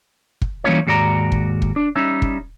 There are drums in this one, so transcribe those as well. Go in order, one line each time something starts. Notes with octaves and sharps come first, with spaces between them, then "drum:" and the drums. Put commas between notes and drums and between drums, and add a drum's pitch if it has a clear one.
drum: kick
E3 G3 A#3 C#4 F4 C#5
D#2 G#2 F#4 D5 A#5
drum: kick
drum: kick
D4
G3 C#4 D#4 E5
drum: kick